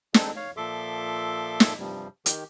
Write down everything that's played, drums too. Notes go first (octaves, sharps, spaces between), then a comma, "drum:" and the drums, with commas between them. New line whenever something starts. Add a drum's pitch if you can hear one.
G#3 C4 D4 D#4 A4, drum: snare
C#5 F5
A#2 F3 A4 E5 C6 D6
drum: snare
G2 C3 F3 G3
D#3 G4, drum: hi-hat